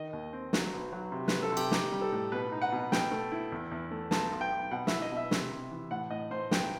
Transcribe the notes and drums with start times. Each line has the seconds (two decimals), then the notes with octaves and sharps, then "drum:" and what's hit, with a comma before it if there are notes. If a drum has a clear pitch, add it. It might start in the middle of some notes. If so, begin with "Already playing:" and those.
Already playing: D#3 D#5
0.13 D#2
0.33 C4
0.53 F#3, drum: snare
0.73 B1
0.92 F#3
1.12 C3
1.28 F#3 B4, drum: snare
1.43 A4
1.52 C3
1.57 G4, drum: cymbal
1.71 D#4 G4, drum: snare
1.92 G3
2.01 A4
2.12 A2
2.32 B2 B4
2.52 D#4
2.62 F#5
2.72 B2
2.92 B2 G5, drum: snare
3.11 A3
3.32 E4
3.52 E2
3.71 E2
3.91 A3
4.11 B1 A5, drum: snare
4.32 B1
4.41 G5
4.51 B1
4.71 B2 F#5
4.87 E4 E5, drum: snare
5.02 D#5
5.12 B2 E5
5.31 C3, drum: snare
5.51 C3
5.71 E3
5.91 A2 F#5
6.10 A2 D#5
6.31 A2 C5
6.51 B1 G5, drum: snare